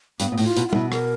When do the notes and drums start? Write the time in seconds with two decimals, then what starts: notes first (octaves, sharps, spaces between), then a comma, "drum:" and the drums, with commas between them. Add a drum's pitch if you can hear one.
0.20 G2 B3, drum: hi-hat
0.32 A#2
0.38 A2, drum: open hi-hat
0.43 F4
0.57 B2, drum: hi-hat
0.68 F4
0.73 B2 E4, drum: tom
0.92 A#4, drum: rim click